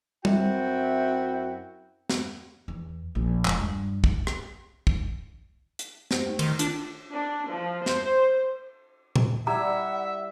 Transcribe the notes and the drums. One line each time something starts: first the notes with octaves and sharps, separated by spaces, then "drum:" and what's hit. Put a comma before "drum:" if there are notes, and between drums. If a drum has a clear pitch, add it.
F#2 C4 E4 F#4 E5 G5, drum: tom
drum: snare
E2
A#1
E1, drum: clap
G2
drum: kick
drum: rim click
drum: kick
drum: hi-hat
G4 C5, drum: snare
A3 D#4
D#3 C6, drum: cymbal
D4 F4, drum: hi-hat
D4
F3
C5, drum: snare
drum: tom A#2
G3 E4 E5 F#5 A#5